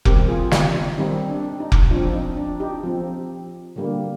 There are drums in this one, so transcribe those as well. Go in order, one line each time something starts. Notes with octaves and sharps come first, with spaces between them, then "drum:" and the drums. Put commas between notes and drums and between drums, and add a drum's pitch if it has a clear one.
D#3 G3 C4 G4 A#4, drum: kick F1
F4 G#4
D#4 G4, drum: snare
D#4
D#3 G3 C4 D#4
D4
D#4
drum: kick F1
F3 C4 D4
D#4
D4
D#4 G4
F3 C4
D3 G3 A#3